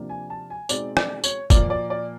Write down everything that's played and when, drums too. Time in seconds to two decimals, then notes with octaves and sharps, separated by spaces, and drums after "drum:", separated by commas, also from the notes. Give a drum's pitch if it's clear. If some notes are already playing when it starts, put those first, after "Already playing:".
Already playing: C3 F3 A#3 D4
0.09 G#5
0.30 A5
0.50 G#5
0.69 B2 G#3 C4 D#4 D5, drum: tambourine
0.97 D5, drum: rim click
1.24 C#5, drum: tambourine
1.50 A#2 F3 A#3 D5, drum: kick, tambourine
1.70 D5
1.90 D5